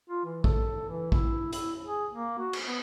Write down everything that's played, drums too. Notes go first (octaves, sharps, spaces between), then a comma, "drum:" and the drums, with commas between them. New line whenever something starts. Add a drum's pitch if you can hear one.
F4
E3
A4, drum: kick A#1
E3
E4, drum: kick A#1
E4, drum: hi-hat
G#4
A#3
F#4
drum: cymbal
B3